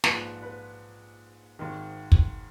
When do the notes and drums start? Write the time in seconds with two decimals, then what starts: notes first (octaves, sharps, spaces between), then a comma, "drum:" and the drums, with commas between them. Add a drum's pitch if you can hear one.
0.04 A#1 G#2 F3 B4, drum: snare
0.42 B4
1.59 G#1 G#2 D#3
2.12 drum: kick